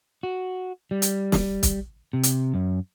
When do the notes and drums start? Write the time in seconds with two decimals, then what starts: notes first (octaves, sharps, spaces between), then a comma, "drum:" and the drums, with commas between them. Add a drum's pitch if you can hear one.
0.23 F#4
0.91 G3
1.02 drum: hi-hat
1.32 drum: snare
1.63 drum: kick, hi-hat
2.13 C3
2.23 drum: hi-hat
2.54 F#2